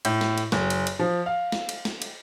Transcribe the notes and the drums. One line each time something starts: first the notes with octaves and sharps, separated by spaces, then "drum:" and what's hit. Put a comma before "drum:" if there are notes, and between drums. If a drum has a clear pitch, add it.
A2, drum: cymbal
drum: snare
drum: cymbal
F#1, drum: snare
drum: cymbal
drum: cymbal
F3
F5
drum: snare
drum: cymbal
drum: snare
drum: cymbal